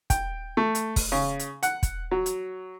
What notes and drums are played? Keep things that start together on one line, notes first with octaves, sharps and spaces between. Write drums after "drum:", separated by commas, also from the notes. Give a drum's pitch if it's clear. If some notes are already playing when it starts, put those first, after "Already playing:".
G5, drum: kick, hi-hat
A3
drum: hi-hat
drum: kick, open hi-hat
C#3
drum: hi-hat
F#5, drum: hi-hat
drum: kick, hi-hat
F#3
drum: hi-hat